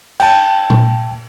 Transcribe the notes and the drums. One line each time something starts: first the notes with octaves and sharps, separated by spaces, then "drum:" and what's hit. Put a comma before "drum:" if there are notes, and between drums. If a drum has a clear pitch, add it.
G5 A5, drum: cymbal
drum: tom A#2